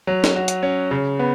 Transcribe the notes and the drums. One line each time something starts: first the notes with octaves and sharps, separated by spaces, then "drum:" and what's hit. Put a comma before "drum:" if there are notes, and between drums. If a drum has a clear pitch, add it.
F#3
drum: snare
F#4
drum: hi-hat
C#4
C#3
B3